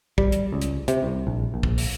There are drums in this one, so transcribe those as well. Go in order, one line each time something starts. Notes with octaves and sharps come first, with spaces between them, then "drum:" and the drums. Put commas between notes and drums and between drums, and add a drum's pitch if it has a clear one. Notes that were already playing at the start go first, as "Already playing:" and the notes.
G3, drum: kick
drum: hi-hat
C#2
drum: hi-hat
C3, drum: hi-hat
C2
A#1
A#1
drum: kick
drum: open hi-hat